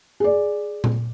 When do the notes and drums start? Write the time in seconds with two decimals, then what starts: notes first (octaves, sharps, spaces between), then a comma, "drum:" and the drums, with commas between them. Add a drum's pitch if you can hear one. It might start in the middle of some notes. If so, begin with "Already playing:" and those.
0.20 G#4 D5
0.84 drum: tom A#2